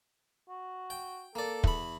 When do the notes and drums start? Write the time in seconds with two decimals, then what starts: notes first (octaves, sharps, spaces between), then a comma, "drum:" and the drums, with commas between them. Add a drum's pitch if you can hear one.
0.49 F#4
0.90 G5
1.35 A#3 A4 D5
1.64 E2 B5, drum: kick